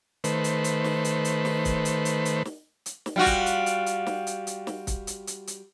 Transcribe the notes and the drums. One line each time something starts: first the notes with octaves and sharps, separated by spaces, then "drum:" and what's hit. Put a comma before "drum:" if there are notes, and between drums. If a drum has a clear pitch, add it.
D#3 A3 B4 C5, drum: hi-hat
drum: hi-hat
drum: hi-hat
drum: snare
drum: hi-hat
drum: hi-hat
drum: snare
drum: kick, hi-hat
drum: hi-hat
drum: hi-hat
drum: hi-hat
drum: snare
drum: hi-hat
drum: snare
G3 F4 F#4
drum: kick, hi-hat
drum: hi-hat
drum: hi-hat
drum: hi-hat
drum: snare
drum: hi-hat
drum: hi-hat
drum: snare
drum: kick, hi-hat
drum: hi-hat
drum: hi-hat
drum: hi-hat